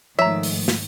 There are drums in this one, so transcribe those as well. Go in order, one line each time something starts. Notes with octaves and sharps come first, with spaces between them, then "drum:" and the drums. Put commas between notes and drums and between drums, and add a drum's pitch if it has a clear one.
G#2 D#3 F3 A3 C#5 E5 A#5
drum: open hi-hat
drum: snare